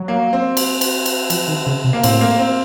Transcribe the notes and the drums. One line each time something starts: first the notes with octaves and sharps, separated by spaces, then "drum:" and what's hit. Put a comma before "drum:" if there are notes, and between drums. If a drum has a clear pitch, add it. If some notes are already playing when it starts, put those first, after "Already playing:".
Already playing: F#3
A#3
C4
drum: cymbal
drum: cymbal
drum: cymbal
F3, drum: cymbal
D#3
C#3
C3
A#3
A2 C4, drum: cymbal
A#3
C4